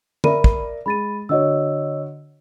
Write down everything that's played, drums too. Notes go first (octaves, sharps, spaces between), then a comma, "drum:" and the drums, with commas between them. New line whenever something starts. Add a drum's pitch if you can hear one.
A#4 D5 E5 B5 D#7, drum: tom
drum: kick
G#3 B5 A6 D#7
D3 F#4 C#5 D#5 E6